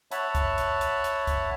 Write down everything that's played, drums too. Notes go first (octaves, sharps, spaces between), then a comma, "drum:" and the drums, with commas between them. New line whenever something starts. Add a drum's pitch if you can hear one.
C#5 E5 F#5 A5 B5, drum: hi-hat
drum: kick, hi-hat
drum: hi-hat
drum: hi-hat
drum: hi-hat
drum: kick, hi-hat